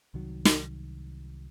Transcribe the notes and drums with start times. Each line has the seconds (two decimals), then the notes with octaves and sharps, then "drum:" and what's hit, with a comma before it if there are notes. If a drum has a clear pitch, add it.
0.14 C2 D#3 F#3
0.45 drum: snare